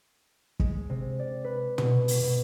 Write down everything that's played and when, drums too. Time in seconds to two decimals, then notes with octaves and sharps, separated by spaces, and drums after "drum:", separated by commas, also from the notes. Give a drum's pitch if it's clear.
0.60 G#3, drum: kick
0.90 C3
1.19 D5
1.44 B4
1.78 B2, drum: tom
2.08 drum: open hi-hat
2.23 B2